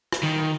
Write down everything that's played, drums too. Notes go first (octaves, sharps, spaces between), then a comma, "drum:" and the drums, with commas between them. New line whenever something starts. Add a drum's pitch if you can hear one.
drum: rim click
D#3